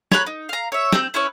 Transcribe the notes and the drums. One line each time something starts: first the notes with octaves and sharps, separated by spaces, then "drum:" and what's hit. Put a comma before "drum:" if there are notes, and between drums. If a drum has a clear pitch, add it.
C#5 A#5 B5 F#6, drum: snare
D#4
F5 A#5
C#5 E5
C4 G6, drum: snare
C#4 E4 B4 C#5